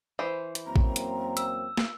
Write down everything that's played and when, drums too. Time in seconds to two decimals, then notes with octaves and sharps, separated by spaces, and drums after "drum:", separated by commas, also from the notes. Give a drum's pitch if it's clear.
0.19 E3 C5
0.55 drum: hi-hat
0.66 F#2 A#3 C4 A#5
0.76 drum: kick A1
0.96 drum: hi-hat
1.37 E6, drum: hi-hat
1.77 drum: snare